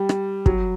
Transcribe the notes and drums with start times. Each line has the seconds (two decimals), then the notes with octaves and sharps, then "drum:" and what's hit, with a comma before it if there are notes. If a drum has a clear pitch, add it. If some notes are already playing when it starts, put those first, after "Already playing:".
Already playing: G3
0.09 drum: rim click
0.46 F#3, drum: kick